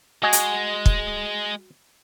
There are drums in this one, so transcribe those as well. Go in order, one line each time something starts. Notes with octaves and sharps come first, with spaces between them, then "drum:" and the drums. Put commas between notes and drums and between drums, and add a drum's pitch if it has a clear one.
G#3 F#4 D#5 G#5
drum: hi-hat
drum: kick